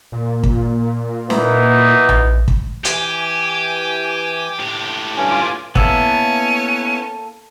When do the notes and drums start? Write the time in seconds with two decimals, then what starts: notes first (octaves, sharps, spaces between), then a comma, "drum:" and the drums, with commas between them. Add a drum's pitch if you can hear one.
0.12 A#2
0.43 drum: kick
1.30 E3 B3 D#4, drum: snare
2.09 drum: tom A#1
2.48 drum: kick
2.85 E3 G4 G#5, drum: hi-hat
4.60 A2 G4
5.17 G2 C#4
5.30 F4 G#5 D6
5.75 A#3 B3 C#4 E4 A4, drum: kick